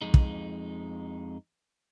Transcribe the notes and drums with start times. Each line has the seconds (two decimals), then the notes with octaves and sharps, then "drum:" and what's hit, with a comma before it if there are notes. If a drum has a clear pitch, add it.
0.02 F2 G#3 D#4
0.14 drum: kick